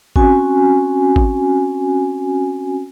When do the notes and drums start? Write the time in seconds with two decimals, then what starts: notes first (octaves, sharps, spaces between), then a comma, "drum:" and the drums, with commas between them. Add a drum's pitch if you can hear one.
0.16 C4 C#4 F#4 G#5, drum: kick G#1
1.16 drum: kick G#1